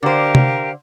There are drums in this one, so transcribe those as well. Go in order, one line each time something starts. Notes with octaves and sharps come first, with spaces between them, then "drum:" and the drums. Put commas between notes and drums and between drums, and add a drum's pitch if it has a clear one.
D3 G4 A#4 C5 F5
drum: tom C3